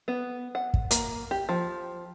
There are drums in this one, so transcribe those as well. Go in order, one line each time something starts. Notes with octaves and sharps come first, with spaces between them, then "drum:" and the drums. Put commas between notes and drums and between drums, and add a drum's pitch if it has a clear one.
B3
F#5
drum: kick
A#3, drum: hi-hat
G4
F3